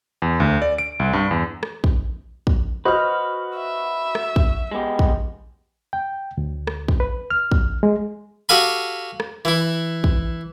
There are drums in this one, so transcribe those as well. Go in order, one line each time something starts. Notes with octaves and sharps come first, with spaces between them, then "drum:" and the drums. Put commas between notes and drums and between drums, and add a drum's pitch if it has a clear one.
E2
D2
D5
D7
C2
G2
E2
drum: rim click
drum: kick
drum: kick
F#4 B4 C5 D#5 F6
E5
drum: rim click
drum: kick
G#3 B3 G4
drum: kick
G5
D2
drum: rim click
drum: kick
B4
F6
drum: kick
G#3
F#4 G4 A4 F5 G#5 B5
drum: rim click
E3 E4
drum: kick